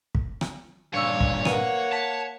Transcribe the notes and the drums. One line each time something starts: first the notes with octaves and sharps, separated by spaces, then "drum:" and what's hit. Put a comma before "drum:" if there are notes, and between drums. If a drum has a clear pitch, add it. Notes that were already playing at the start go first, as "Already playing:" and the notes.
drum: kick
drum: rim click
G2 A#2 C#5 F5 C#6 E6
drum: kick
A#3 B4 F#5 D#7, drum: rim click
A5 B6